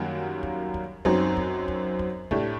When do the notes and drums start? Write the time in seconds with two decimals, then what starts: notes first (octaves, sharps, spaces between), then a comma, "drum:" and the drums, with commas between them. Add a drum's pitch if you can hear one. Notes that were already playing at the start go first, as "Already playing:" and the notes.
Already playing: F#2 D#3 G3 A#3 F#4
0.43 drum: kick
0.74 drum: kick
1.05 F#2 F#3 C4 D#4, drum: kick
1.37 drum: kick
1.68 drum: kick
1.99 drum: kick
2.31 A2 A3 D4 G4, drum: kick